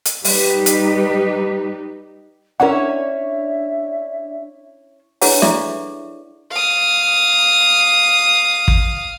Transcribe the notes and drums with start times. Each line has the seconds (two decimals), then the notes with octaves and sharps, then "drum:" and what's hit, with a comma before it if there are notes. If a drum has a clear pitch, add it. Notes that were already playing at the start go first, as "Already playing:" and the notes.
0.06 drum: hi-hat
0.24 G3 D#4 G4 B4, drum: open hi-hat
0.66 drum: hi-hat
2.60 C#4 D4 E4 A#4 C#5 D5 E5 F#5
5.21 D4 E4 G#4 B4 C#5 F#5, drum: open hi-hat
5.42 E4 A4 D5 E5 C#6 D6, drum: snare
6.51 F5 D#6
8.68 drum: kick